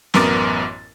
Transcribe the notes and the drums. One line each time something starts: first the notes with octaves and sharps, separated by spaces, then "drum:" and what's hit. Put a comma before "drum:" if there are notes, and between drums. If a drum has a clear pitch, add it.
A1 F#2 B3 A#4 D6 A6, drum: snare